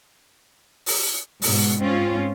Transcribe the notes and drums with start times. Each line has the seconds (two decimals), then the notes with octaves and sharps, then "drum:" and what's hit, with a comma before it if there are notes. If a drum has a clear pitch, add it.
0.86 drum: open hi-hat
1.42 G#2 B2, drum: open hi-hat
1.79 G#2 C4 C#4 F4